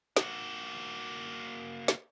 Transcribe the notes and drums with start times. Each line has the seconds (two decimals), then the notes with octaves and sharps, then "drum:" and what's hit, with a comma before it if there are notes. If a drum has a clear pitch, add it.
0.17 A#3 F#4, drum: snare
1.88 drum: snare